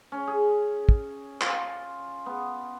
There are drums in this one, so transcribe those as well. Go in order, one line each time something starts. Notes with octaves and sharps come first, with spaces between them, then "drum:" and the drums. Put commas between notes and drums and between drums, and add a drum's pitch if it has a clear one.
C#4
G#4
drum: kick
F4, drum: clap
B3